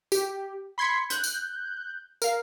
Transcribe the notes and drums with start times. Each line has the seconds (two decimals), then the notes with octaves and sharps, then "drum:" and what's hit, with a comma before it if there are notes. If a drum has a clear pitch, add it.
0.12 G4, drum: tambourine
0.78 B5 C6 G#6 B6 C#7
1.10 F#6 G6, drum: hi-hat
1.24 drum: tambourine
2.22 A#4 F5, drum: tambourine